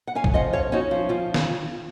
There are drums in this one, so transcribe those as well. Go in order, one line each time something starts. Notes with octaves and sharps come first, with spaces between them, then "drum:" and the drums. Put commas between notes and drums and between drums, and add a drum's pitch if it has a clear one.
F#5
C#4 F5 G#5
drum: kick
F3 D#5 F#5
C#4 C#5 F5
C#4 D#4 F#4
F3
F3 F4
drum: snare